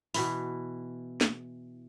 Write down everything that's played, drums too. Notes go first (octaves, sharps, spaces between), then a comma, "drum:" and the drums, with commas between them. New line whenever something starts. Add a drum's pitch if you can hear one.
B2 E3 E4, drum: open hi-hat
drum: snare